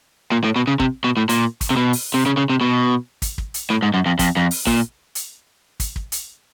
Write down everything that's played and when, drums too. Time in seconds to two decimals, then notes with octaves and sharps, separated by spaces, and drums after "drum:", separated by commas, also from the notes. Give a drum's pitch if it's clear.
0.32 A#2
0.44 A2
0.56 B2
0.68 C#3
0.80 C3, drum: kick
1.04 B2
1.17 A2
1.29 A#2, drum: hi-hat
1.61 drum: kick, hi-hat
1.70 C3
1.76 B2
1.93 drum: open hi-hat
2.14 C3
2.26 C#3
2.37 C#3
2.50 C3
2.61 B2
3.22 drum: kick, hi-hat
3.38 drum: kick
3.54 drum: hi-hat
3.70 A2
3.82 G#2
3.94 F#2
4.06 F2
4.19 F2, drum: kick, hi-hat
4.37 F2
4.51 drum: open hi-hat
4.67 A#2, drum: kick
5.15 drum: hi-hat
5.80 drum: kick, hi-hat
5.96 drum: kick
6.12 drum: hi-hat